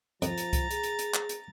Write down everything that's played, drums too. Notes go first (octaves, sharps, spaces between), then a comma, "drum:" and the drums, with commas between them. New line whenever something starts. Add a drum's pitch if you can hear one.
F2 F3 A#5 A6, drum: hi-hat
drum: hi-hat
drum: kick C2, hi-hat
G#4, drum: hi-hat
drum: hi-hat
drum: hi-hat
drum: clap
drum: hi-hat